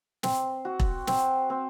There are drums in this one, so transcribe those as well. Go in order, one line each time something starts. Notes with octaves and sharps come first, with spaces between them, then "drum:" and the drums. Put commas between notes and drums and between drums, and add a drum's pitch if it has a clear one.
C4, drum: snare
F#4
drum: kick E1
C4, drum: snare
C4